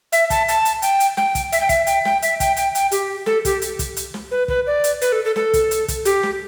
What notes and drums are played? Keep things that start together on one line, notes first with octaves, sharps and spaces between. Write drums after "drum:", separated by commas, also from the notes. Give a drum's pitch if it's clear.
E5, drum: hi-hat
A5, drum: kick, hi-hat
A5, drum: hi-hat
drum: hi-hat
G5, drum: hi-hat
drum: hi-hat
G5, drum: snare
drum: kick, hi-hat
E5, drum: hi-hat
G5
E5, drum: kick, hi-hat
G5, drum: hi-hat
G5, drum: snare
E5, drum: hi-hat
G5, drum: kick, hi-hat
G5, drum: hi-hat
G5, drum: hi-hat
G4, drum: hi-hat
A4, drum: snare
G4, drum: kick, hi-hat
drum: hi-hat
drum: kick, hi-hat
drum: hi-hat
drum: snare
B4
B4, drum: kick
D5
drum: hi-hat
B4, drum: hi-hat
A4
A4
A4, drum: snare
drum: kick, hi-hat
drum: hi-hat
drum: kick, hi-hat
G4, drum: hi-hat
drum: snare